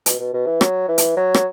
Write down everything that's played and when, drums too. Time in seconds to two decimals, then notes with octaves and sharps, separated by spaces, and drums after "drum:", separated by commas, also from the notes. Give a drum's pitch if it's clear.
0.06 B2, drum: hi-hat
0.20 B2
0.34 B2
0.47 E3
0.61 F#3, drum: rim click
0.88 E3
0.98 drum: hi-hat
1.17 F#3
1.34 drum: rim click